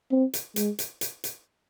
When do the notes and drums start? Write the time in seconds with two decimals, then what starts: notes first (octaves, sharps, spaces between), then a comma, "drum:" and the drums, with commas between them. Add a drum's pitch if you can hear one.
0.11 C4
0.33 drum: hi-hat
0.56 G#3, drum: hi-hat
0.79 drum: hi-hat
1.01 drum: hi-hat
1.24 drum: hi-hat